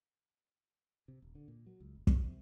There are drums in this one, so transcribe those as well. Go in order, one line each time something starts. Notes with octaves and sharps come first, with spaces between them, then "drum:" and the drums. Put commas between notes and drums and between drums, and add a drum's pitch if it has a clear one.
C3
D#1
D3
A#2
F#3
C#2
F1
F1, drum: kick
C3